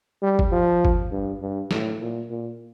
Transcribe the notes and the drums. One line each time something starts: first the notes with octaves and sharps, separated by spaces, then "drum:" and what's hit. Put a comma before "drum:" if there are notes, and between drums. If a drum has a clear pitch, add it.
G3
drum: kick
F3
drum: kick
G2
G2
A2, drum: snare
A#2
A#2